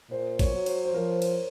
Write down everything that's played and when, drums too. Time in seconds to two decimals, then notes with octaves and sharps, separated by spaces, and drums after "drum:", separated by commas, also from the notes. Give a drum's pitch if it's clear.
0.11 A#2 C5
0.39 C#5, drum: kick, cymbal
0.53 F#3
0.66 C5, drum: cymbal
0.85 C5
0.94 F3 A#4
1.22 drum: cymbal